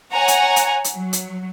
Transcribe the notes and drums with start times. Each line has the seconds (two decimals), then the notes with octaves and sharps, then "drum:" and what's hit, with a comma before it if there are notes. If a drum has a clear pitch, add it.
0.14 C#5 F#5 G#5 A#5
0.28 drum: hi-hat
0.56 drum: hi-hat
0.84 drum: hi-hat
0.95 F#3
1.13 drum: hi-hat